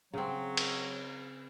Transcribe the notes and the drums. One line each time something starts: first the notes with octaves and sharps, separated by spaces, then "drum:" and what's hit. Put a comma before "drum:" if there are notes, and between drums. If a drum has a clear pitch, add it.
C#3 F#3 C4
drum: cymbal